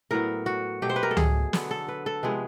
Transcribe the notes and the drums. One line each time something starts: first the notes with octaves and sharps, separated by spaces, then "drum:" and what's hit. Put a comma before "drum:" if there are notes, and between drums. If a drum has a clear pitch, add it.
A2 F#3 B3 A#4
F#4
B2 F#3 A3 G4
C5
B4
A#4
A4
G#4, drum: tom C#2
D3 F#3 B3, drum: snare
A4
B4
A4
C3 F3 G#3 B3 G#4